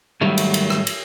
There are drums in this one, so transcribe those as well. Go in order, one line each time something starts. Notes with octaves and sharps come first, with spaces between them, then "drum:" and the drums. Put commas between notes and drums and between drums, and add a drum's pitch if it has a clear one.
G#2 D#3 F#3 G3 A3
drum: cymbal
drum: cymbal
drum: rim click
drum: cymbal